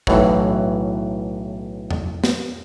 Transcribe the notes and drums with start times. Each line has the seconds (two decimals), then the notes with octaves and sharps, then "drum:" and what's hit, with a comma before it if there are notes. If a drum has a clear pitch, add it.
0.07 B1 A2 E3 F#3, drum: kick
1.91 drum: tom E2
2.24 drum: snare